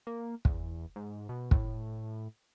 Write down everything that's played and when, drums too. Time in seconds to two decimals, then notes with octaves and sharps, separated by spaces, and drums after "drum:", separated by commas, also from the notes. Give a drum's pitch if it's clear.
0.07 A#3
0.45 E2, drum: kick
0.96 G#2
1.29 B2
1.51 A2, drum: kick